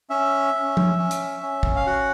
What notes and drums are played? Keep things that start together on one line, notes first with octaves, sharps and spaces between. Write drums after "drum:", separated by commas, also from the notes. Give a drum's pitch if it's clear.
C#4 E5
C#4
drum: tom
C#4
drum: hi-hat
C#4
drum: kick
F5
F#4 F#5